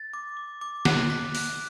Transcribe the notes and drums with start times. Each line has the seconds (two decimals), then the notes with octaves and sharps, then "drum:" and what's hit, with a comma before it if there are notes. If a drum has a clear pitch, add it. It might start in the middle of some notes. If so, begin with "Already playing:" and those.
Already playing: A6
0.14 D6
0.37 D6
0.61 D6
0.85 F#6, drum: snare
1.10 B6
1.35 F#6, drum: open hi-hat